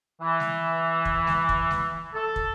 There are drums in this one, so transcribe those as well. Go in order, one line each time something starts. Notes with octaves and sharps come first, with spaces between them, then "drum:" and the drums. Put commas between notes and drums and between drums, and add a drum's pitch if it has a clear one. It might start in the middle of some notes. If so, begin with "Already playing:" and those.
E3
drum: snare G#3
drum: kick
drum: snare G#3
drum: kick
drum: snare G#3
A4
drum: kick